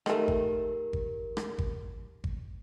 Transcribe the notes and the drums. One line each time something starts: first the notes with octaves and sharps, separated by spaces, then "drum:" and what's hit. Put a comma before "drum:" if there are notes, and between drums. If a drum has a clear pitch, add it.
D#3 A3 G4 A#4, drum: rim click
drum: kick G#1
drum: kick G#1
drum: rim click
drum: kick G#1
drum: kick G#1